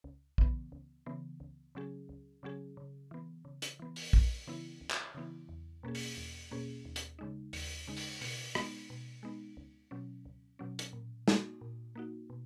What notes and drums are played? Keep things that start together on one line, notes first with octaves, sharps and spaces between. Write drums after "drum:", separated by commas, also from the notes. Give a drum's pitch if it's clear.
C#2
C#3 E3 B3, drum: kick
C#2
C#3 E3 B3
C#2
C#3 F#3 C#4 G#4
C#2
C#3 F#3 C#4 G#4
C#3
E3 B3
C#3
drum: hi-hat
E3 B3
drum: open hi-hat
C#2, drum: kick
C#3 E3 B3 E4
C#2
drum: clap
C#3 E3 B3 E4
E2
B2 A#3 C#4 G#4
drum: open hi-hat
E2
B2 A#3 C#4 G#4
D#2
drum: hi-hat
C#3 G#3 D#4
D#2, drum: open hi-hat
C#3 G#3 D#4
drum: open hi-hat
B2, drum: open hi-hat
G#3 B3 D#4, drum: rim click
B2
G#3 B3 D#4
C#2
B2 F#3 C#4
C#2
B2 F#3 C#4
drum: hi-hat
A#2
A#3 D#4 F#4, drum: snare
A#2
A#3 D#4 F#4
B2